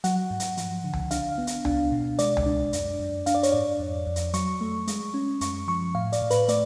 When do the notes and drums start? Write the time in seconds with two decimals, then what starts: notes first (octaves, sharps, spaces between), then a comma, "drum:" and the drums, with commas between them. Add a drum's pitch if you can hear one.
0.04 F#3 F#5, drum: hi-hat
0.31 G#2
0.40 drum: hi-hat
0.57 F3, drum: hi-hat
0.84 D3
0.93 drum: tom C#2
1.11 D4 F5, drum: hi-hat
1.38 B3
1.47 drum: hi-hat
1.65 D4, drum: tom C#2
1.92 B2
2.19 G#3 D5, drum: hi-hat
2.37 drum: tom C#2
2.46 D4
2.73 F#2, drum: hi-hat
3.00 F#2
3.26 D4 F5, drum: hi-hat
3.35 D5
3.43 C#5, drum: hi-hat
3.52 G#2 D5
3.80 F2
4.07 F2
4.16 drum: hi-hat
4.34 F#3 C#6, drum: hi-hat
4.61 A3
4.87 G#3, drum: hi-hat
5.14 C#4
5.41 F#2 C#6, drum: hi-hat
5.68 F3 C#6
5.95 A2 F5
6.13 D5, drum: hi-hat
6.22 A2
6.31 B4, drum: hi-hat
6.48 A3 D5, drum: hi-hat